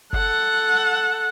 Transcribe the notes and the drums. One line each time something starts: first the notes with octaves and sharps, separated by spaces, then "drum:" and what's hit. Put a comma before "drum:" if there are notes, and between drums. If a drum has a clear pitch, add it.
A4 F#5, drum: kick F#1